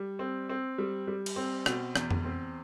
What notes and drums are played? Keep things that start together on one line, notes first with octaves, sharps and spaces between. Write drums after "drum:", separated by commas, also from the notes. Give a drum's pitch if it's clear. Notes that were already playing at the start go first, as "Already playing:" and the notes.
Already playing: G3
C4
C4
G3
G3
drum: cymbal
C4
B2, drum: rim click
E2, drum: rim click
drum: tom F2
C4